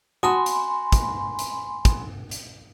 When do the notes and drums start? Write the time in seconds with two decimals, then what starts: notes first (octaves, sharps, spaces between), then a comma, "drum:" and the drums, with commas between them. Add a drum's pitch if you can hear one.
0.23 F#4 G#5 A5 B5 C6 D#6
0.46 drum: hi-hat
0.92 drum: kick, hi-hat
1.39 drum: hi-hat
1.85 drum: kick, hi-hat
2.31 drum: hi-hat